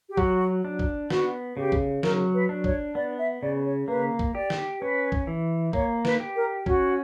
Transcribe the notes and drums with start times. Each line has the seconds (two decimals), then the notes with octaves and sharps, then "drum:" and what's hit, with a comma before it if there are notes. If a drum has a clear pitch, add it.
0.09 G4
0.17 F#3 F#4, drum: kick
0.65 D4
0.79 drum: kick
1.10 B3 F#4, drum: snare
1.57 C#3 G4
1.72 drum: kick
2.03 F#3 A#4, drum: snare
2.34 B4
2.49 D4
2.64 C#5, drum: kick
2.95 B3 D5
3.19 E5
3.42 C#3 D5
3.65 C#5
3.88 A#3 B4
4.19 drum: kick
4.35 G4 D5
4.50 drum: snare
4.81 C#4 B4
5.12 drum: kick
5.27 E3
5.73 A#3 C#5, drum: kick
6.05 B4, drum: snare
6.20 G4
6.36 A#4
6.66 C#4 F#4, drum: kick